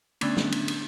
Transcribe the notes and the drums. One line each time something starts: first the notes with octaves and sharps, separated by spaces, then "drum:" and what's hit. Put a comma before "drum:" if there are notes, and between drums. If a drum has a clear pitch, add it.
D3 A3 B3 C#4 D4, drum: cymbal
drum: snare
drum: cymbal
drum: cymbal